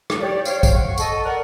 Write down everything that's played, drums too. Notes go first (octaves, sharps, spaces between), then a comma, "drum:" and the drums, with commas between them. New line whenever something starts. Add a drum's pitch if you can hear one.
drum: rim click
G4 C#5 D5
C5 C#5 F5 G5, drum: tambourine
drum: kick, tambourine
F#5 C#6
A4 D#5 C#6, drum: tambourine
A#4 D5 F#5